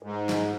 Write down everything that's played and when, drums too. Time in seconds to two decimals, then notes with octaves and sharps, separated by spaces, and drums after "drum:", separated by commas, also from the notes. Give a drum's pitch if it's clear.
0.03 G#2
0.29 drum: snare